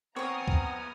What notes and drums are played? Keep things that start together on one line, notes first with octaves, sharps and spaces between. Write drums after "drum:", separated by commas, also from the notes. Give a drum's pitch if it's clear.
B3 C4 G#4 C#5 A#5 C#6 D#6 F6
drum: kick C#2